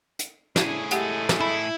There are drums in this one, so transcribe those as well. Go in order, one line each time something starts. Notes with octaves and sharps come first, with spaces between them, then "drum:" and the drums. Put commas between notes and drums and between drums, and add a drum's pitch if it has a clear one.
drum: hi-hat
A2 D4 E4 G#4, drum: snare
G#3 A3 G4 F#5 G5, drum: hi-hat
drum: snare
E4 A5 B5